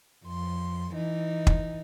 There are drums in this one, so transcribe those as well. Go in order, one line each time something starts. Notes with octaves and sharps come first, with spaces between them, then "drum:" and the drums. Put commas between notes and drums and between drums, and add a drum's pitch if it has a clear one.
F2 C6
E3 D#4
drum: kick